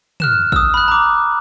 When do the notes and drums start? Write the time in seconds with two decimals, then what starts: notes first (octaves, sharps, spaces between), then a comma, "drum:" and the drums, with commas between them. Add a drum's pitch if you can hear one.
0.20 F6 F#6 E7, drum: tom
0.52 D#6 E6, drum: kick
0.74 B5 F#6
0.88 A#5 D6